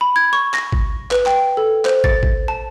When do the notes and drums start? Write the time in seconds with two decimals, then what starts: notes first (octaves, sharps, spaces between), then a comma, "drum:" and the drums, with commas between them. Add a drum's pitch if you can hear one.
0.01 B5
0.16 G#6
0.33 C#6
0.54 A#6, drum: clap
0.72 drum: kick
1.11 B4, drum: clap
1.26 G5, drum: clap
1.57 A4
1.85 C5, drum: clap
2.04 A6, drum: kick
2.23 drum: kick
2.48 A5